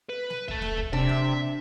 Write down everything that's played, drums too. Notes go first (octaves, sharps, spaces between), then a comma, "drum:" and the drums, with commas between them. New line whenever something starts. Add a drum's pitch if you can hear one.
B4
drum: snare
A4 E5, drum: kick
drum: snare
drum: kick
C3 D4 E5
drum: snare